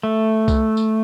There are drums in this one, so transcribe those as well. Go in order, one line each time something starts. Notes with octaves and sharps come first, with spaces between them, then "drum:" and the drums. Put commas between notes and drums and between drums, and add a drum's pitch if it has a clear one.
A3
drum: kick C2, tambourine
drum: tambourine